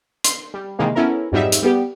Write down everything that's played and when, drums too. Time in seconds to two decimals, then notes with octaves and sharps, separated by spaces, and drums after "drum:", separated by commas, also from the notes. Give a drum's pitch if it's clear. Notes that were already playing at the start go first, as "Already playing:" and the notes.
0.24 C6, drum: hi-hat
0.54 G3
0.79 C3 D#3 E3 G#3 A#3
0.95 B3 C#4 E4 A4 A#4
1.32 F2 G#2 F#3 G3 D#4 E5
1.52 drum: hi-hat
1.63 G3 B3 G4